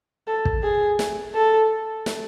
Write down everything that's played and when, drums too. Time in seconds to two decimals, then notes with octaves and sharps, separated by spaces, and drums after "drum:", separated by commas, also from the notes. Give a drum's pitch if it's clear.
0.27 A4
0.45 drum: kick
0.63 G#4
0.99 drum: snare
1.35 A4
2.06 drum: snare